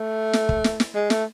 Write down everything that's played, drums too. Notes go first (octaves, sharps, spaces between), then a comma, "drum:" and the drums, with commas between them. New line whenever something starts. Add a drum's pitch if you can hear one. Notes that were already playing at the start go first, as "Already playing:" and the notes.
Already playing: A3
drum: snare
drum: kick
drum: snare
drum: snare
G#3
A3, drum: snare